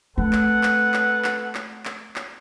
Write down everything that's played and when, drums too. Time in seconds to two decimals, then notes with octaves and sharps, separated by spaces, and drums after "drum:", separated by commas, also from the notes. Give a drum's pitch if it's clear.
0.17 A3 C4 A4 B4 F#5
0.33 drum: clap
0.63 drum: clap
0.94 drum: clap
1.24 drum: clap
1.55 drum: clap
1.85 drum: clap
2.16 drum: clap